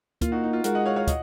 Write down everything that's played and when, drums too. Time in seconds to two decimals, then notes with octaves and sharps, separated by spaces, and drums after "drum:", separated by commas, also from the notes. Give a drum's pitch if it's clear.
0.21 A#3 F4, drum: kick, hi-hat
0.32 D#4 F#4
0.44 D#4
0.53 F4
0.64 G#3 F#4 A#4, drum: hi-hat
0.75 D#5 F#5
0.85 C#5 F5
0.96 C#5 F5
1.07 D#5 F#5, drum: kick, hi-hat